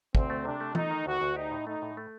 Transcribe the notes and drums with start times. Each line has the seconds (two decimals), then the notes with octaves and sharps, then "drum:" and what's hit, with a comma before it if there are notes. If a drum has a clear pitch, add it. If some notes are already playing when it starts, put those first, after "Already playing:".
0.15 D2 C4, drum: kick
0.30 A3
0.45 C3 D4
0.60 A3
0.75 A3 D#4, drum: tom E3
0.91 D#3
1.06 D2 F#4
1.21 D2
1.36 D#4 G4
1.52 A2
1.67 A3 D#4
1.82 A2
1.97 A3